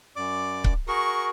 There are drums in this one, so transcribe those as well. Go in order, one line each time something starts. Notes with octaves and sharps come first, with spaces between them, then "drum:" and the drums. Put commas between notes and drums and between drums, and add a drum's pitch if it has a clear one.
F#2 D5 D6
drum: kick C#1
F#4 G#4 A#4 C#6